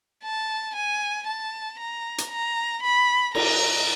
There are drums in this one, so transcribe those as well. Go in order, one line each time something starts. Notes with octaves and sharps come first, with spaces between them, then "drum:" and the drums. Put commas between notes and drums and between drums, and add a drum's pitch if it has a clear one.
A5
G#5
A5
A#5
drum: hi-hat
A#5
B5
A#5, drum: cymbal